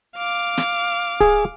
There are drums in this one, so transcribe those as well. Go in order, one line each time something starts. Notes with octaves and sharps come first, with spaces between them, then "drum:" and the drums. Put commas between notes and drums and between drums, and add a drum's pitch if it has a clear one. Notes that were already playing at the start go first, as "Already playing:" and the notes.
F5 D6
drum: snare
G#4, drum: kick D1